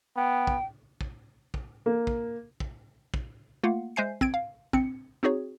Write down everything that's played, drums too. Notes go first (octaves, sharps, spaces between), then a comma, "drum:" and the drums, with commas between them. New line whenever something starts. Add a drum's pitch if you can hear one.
B3 G5
drum: kick
drum: kick
drum: kick
A#3
drum: kick
drum: kick
drum: kick
A3 A#3 F4 F5 F#5
G#3 C5 E5 G#5 G6 C7
C4 G#6 D7, drum: kick
F5
C4 D4 C#7, drum: kick
C4 D#4 F#4 G#4 C#5